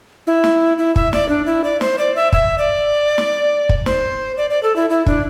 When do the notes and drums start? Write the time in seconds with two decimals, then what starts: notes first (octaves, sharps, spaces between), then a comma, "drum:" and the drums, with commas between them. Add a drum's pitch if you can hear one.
0.27 E4
0.44 drum: snare
0.78 E4
0.96 E5, drum: kick
1.13 D5, drum: snare
1.29 D4
1.46 E4
1.64 D5
1.81 C5, drum: snare
1.98 D5
2.16 E5
2.33 E5, drum: kick
2.58 D5
3.18 drum: snare
3.69 drum: kick
3.86 C5, drum: snare
4.37 D5
4.50 D5
4.63 A4
4.76 E4
4.90 E4
5.06 D4, drum: kick